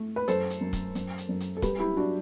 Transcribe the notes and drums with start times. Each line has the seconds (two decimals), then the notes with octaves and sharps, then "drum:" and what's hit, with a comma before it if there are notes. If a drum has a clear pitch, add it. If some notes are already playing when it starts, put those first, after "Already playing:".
Already playing: A3
0.16 B4
0.28 F#2 A4 C5, drum: hi-hat
0.50 drum: hi-hat
0.61 F#2
0.73 drum: kick, hi-hat
0.95 F#2, drum: hi-hat
1.18 drum: hi-hat
1.29 F#2
1.40 drum: hi-hat
1.57 A4
1.62 G3 G4 B4, drum: kick, hi-hat
1.79 E4 G4
1.97 D4 F#4